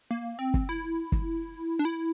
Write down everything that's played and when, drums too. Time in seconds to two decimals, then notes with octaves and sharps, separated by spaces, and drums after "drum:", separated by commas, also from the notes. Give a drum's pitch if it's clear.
0.11 A#3
0.39 C4
0.54 drum: kick
0.69 E4
1.12 drum: kick
1.79 D4
1.85 E4